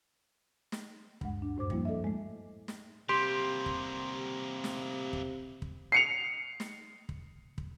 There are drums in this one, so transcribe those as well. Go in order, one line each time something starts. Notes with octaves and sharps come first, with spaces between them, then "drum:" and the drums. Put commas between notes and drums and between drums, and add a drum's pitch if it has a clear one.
drum: snare
D2 G2 G#3 F#5, drum: kick
D4
F#2 A2 C5 D6
F3 G3 A#3 E4, drum: kick
A4 D#5 E5
G#3 A3
drum: snare
C3 G3 A#3 G4 C6
drum: kick
drum: snare
drum: kick
drum: kick
C7 C#7 F7
drum: snare
drum: kick
drum: kick